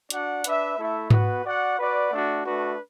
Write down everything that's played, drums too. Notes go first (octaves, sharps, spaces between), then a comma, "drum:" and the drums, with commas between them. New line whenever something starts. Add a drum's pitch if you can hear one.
D4 F#4 D5 F#5, drum: hi-hat
D4 B4 E5, drum: hi-hat
A3 E4 A4 E5
B3 F#4 B4, drum: tom G#2
F#4 D5 F#5
F#4 B4 D5 F#5
A3 D4 F#4
A3 D4 F#4 B4